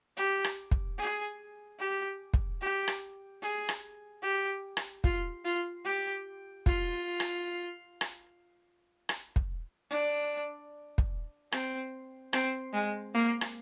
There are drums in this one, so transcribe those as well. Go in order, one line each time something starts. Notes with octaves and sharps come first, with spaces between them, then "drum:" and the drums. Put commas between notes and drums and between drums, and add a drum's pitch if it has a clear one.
G4
drum: rim click
drum: kick
G#4
G4
drum: kick
G4
drum: rim click
G#4
drum: rim click
G4
drum: rim click
F4, drum: kick
F4
G4
F4, drum: kick
drum: rim click
drum: rim click
drum: rim click
drum: kick
D4
drum: kick
C4, drum: rim click
C4, drum: rim click
G#3
A#3
drum: rim click